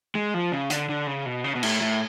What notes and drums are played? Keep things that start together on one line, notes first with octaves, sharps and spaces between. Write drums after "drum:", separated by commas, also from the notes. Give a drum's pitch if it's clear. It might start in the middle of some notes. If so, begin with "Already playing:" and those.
G#3
F3
C#3
D3, drum: hi-hat
D3
C#3
B2
C#3
B2
A2, drum: cymbal
A2